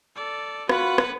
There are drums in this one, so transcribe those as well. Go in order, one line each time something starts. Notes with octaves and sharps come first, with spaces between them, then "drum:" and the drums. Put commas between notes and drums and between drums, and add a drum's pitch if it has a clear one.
A4 D5
F4 F#4 B4 F#5 B5, drum: rim click
drum: rim click